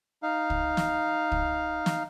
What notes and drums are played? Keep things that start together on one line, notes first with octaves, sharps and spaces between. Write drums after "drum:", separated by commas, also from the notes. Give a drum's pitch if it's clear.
D#4 F5
drum: kick
drum: snare
drum: kick
drum: snare